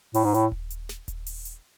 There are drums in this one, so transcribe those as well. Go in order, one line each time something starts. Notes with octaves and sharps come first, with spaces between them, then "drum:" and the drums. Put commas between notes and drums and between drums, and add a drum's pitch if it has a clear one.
A2, drum: open hi-hat
G#2
A2, drum: hi-hat
drum: kick D#1
drum: hi-hat
drum: snare
drum: kick D#1, hi-hat
drum: open hi-hat
drum: hi-hat